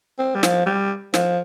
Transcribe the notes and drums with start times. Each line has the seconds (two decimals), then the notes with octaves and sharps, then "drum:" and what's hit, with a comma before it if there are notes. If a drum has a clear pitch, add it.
0.19 C4
0.35 G3
0.43 F3, drum: snare
0.66 G3
1.14 F3, drum: snare